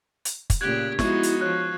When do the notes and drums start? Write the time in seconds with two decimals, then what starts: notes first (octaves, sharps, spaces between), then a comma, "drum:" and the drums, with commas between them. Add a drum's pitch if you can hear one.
0.25 drum: hi-hat
0.50 drum: kick, hi-hat
0.61 A#2 C#3 G4 F#6 G#6
0.99 F3 G#3 B3 D#4 E4 F#4 C#6, drum: snare
1.23 drum: hi-hat
1.41 F3 C#5 F#6